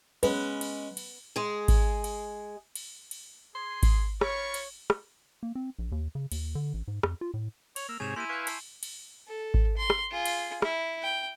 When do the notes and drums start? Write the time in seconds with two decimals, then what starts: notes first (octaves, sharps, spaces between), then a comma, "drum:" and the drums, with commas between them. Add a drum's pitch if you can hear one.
0.23 G#3 C#4 B4, drum: cymbal
0.61 drum: cymbal
0.97 drum: cymbal
1.36 G#3 G#4
1.68 drum: kick G#1, cymbal
2.04 drum: cymbal
2.76 drum: cymbal
3.11 drum: cymbal
3.55 G#4 C6
3.83 drum: kick G#1, cymbal
4.21 F4 A#4 C#5 B5 C#6, drum: rim click
4.54 drum: cymbal
4.90 drum: rim click
5.43 A#3
5.55 C4
5.79 A#1
5.92 D#2
6.15 C#3
6.32 D#2, drum: cymbal
6.55 D3
6.74 A1
6.88 G#2
7.03 F2, drum: rim click
7.21 F4
7.34 A2
7.76 C#5 F7, drum: cymbal
7.89 A#3 E6
8.00 G#2 C3 G#4 C#5 G#5 E7 F7
8.16 A#3 E4 G4 C6 D#7
8.29 B4 F5 G#5 C#6 G6
8.47 A5 C7, drum: cymbal
8.83 drum: cymbal
9.27 A4
9.54 drum: kick G#1
9.77 C6
9.90 drum: rim click
10.11 F4 G#4
10.26 drum: cymbal
10.62 E4, drum: rim click
11.03 G5